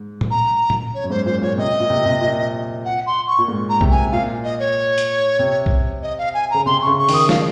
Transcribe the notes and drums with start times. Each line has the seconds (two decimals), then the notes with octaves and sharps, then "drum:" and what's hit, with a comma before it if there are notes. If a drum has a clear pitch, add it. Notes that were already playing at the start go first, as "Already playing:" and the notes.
Already playing: G#2
0.21 drum: tom
0.31 A#5
0.70 drum: tom
0.94 C#5
1.04 F#2
1.10 G#2 C5
1.26 A#2 C5
1.42 A#2 C#5
1.58 C3 D#5
1.80 A#2
1.90 C3
2.06 C3
2.21 A#2
2.85 F#5
3.06 C6
3.27 C#6
3.38 A#2
3.48 G#2
3.69 A#5
3.81 C3, drum: kick B1
3.91 G#5
4.12 A#2 F5
4.44 D#5
4.59 C#5
4.98 drum: hi-hat
5.39 C3
5.66 drum: kick B1
6.03 D#5
6.18 F5
6.34 G#5
6.50 C#3 A#5
6.66 C3 C6
6.82 C#6
6.87 C#3
6.98 C#6
7.09 D#3, drum: open hi-hat
7.14 D#6
7.29 F3 F5, drum: snare